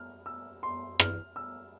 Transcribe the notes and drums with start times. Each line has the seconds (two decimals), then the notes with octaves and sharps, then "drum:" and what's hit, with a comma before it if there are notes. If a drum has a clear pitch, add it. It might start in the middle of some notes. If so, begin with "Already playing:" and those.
Already playing: F6
0.26 E6
0.63 C6
1.00 F6, drum: rim click
1.36 E6